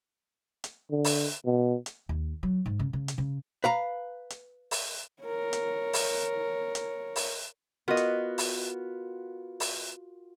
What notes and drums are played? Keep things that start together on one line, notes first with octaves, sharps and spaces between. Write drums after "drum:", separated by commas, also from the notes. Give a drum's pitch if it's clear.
drum: hi-hat
D3
drum: open hi-hat
B2
drum: hi-hat
D#2
F#3
G#2
C#3
C#3
drum: hi-hat
C#3
B4 F5 A#5
drum: hi-hat
drum: open hi-hat
A#4 C#5
drum: hi-hat
drum: open hi-hat
drum: hi-hat
drum: open hi-hat
B3 F4 F#4 A#4 D#5
drum: hi-hat
drum: open hi-hat
drum: open hi-hat